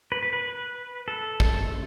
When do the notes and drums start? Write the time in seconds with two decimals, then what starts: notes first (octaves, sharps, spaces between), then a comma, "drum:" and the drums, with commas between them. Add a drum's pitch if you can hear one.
0.12 B4
0.23 B4
0.33 B4
1.08 A4
1.40 drum: kick